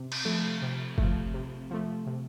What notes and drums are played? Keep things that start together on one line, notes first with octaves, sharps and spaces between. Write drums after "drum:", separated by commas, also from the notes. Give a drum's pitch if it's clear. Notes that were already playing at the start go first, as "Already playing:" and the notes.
Already playing: C3
drum: cymbal
F3 A3
C3
F3 A3, drum: kick F#1
C3
F3 A3
C3